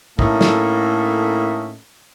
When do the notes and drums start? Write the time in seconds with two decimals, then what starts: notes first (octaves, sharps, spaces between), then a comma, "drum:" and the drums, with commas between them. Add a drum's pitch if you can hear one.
0.19 A2 A#3 C#4 D#4 A4 E5, drum: kick
0.41 drum: snare